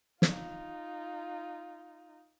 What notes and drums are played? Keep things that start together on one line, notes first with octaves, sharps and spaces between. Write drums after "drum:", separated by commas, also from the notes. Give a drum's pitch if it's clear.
D#4 F4, drum: snare